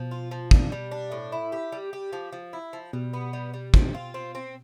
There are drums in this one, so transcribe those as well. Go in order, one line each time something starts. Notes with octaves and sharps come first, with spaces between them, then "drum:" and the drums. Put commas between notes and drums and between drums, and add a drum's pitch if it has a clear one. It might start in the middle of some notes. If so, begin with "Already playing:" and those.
Already playing: B2 F3
F4
F3
B2 D4, drum: kick
G3
D4
A2
E4
G4
G3
G4
F3
F3
E4
F3
B2 G3
B3
G3
G3
C4, drum: kick
F4
C4
C4